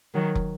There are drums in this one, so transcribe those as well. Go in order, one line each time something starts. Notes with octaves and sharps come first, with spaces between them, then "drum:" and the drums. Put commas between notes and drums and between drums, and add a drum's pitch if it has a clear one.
D#3 F#3
drum: kick